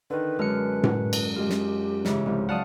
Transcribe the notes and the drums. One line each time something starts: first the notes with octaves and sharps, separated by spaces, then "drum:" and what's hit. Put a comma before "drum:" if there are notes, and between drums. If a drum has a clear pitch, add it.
D3 D#3 B4
F#2 D3 G#3 F6 C#7
drum: tom A2
drum: cymbal
G#3 F4 G4
drum: snare
G#2 C#3 E3, drum: snare
C2 G#2 F3
F#3 D5 F5 F#5 A5 D#6 F#6